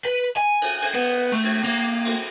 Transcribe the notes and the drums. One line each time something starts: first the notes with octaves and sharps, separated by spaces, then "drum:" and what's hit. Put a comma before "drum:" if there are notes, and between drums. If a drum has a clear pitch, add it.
B4
G#5
drum: cymbal
drum: cymbal
B3
A3
drum: cymbal
A#3, drum: cymbal
drum: cymbal